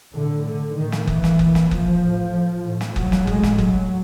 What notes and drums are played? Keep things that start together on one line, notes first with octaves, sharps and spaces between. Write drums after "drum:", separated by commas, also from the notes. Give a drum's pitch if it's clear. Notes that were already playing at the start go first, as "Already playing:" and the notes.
A2 D3
D3
A2 D#3
drum: snare
E3, drum: kick F#1
drum: snare
A#2, drum: kick F#1
drum: snare
F3, drum: kick F#1
A2
A2
drum: snare
F#3, drum: kick F#1
drum: snare
A2 G#3, drum: kick F#1
drum: snare
F#3, drum: kick F#1